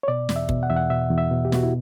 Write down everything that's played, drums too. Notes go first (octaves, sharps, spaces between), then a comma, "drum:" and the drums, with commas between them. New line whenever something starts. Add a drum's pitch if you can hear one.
C#5
B2 D5
E2, drum: snare
E5
B2, drum: kick
F#5
E2 E5
F#5
B2 E5
E2
E5
B2
G4
B2 F#4, drum: snare
E4